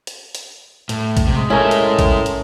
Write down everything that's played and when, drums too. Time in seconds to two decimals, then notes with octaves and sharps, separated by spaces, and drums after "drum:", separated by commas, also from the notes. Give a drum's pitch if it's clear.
0.07 drum: hi-hat
0.35 drum: hi-hat
0.89 A2, drum: hi-hat
1.17 drum: kick A#1, hi-hat
1.27 C3 G#3
1.50 C#4 E4 A4 A#4
1.71 drum: hi-hat
1.99 drum: kick A#1, hi-hat
2.26 drum: hi-hat